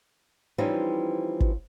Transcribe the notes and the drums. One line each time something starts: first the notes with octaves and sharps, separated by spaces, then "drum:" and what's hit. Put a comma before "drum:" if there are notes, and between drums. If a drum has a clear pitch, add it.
E3 F3 G3 C4 C#4 D#4
drum: kick